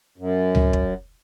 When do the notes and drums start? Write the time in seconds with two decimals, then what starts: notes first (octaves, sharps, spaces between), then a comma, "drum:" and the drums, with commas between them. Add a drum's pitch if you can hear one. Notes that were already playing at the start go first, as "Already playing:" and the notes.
0.18 F#2
0.55 drum: tom C#2
0.73 drum: kick